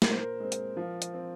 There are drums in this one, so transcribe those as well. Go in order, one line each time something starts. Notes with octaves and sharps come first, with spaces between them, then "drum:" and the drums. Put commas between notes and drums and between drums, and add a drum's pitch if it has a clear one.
A#2 A#4, drum: snare
C5
A#4
G#3 C4
drum: hi-hat
F3
drum: hi-hat
C4